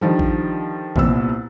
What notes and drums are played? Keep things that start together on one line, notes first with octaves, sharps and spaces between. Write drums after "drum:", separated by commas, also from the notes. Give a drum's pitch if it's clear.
D3 D#3 F3 G3
drum: kick A1
C2 A#2 B3 E6, drum: kick A1